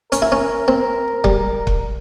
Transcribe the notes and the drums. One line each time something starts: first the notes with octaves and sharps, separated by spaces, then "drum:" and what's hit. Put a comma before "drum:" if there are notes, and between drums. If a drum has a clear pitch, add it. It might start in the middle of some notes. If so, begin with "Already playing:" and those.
C#4 A#4, drum: hi-hat
E4
C#4
C4
G3, drum: kick
drum: kick